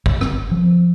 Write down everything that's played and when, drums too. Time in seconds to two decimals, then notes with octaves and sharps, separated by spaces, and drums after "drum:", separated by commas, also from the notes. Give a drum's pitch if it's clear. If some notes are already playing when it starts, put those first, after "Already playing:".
0.06 G1, drum: kick
0.21 C4, drum: rim click
0.51 F3